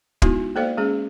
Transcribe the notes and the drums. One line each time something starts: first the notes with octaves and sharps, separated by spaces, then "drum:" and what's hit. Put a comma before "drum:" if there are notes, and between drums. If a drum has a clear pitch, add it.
G#3 B3 D#4 E4 F#4, drum: kick
A#3 A4 C5 D5 F5
G#3 C#4 G#4